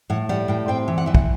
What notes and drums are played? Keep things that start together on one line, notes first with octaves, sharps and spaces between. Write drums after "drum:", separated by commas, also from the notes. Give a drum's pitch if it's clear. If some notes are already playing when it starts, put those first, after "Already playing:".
A2 F#5
G3 F#5
A2 G5
C4 G5
E3
F#5
E3 E5
F#5, drum: kick